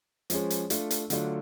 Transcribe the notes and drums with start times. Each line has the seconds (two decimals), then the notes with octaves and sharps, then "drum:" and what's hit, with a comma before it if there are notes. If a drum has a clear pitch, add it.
0.30 F3 G#3 C#4 G#4, drum: hi-hat
0.50 drum: hi-hat
0.70 A3 D4 F4 A4, drum: hi-hat
0.91 drum: hi-hat
1.10 D3 F#3 A3 D4 F4, drum: hi-hat